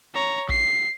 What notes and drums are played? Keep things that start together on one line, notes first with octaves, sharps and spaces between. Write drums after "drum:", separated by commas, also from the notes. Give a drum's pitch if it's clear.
C#5 A#5
C7, drum: kick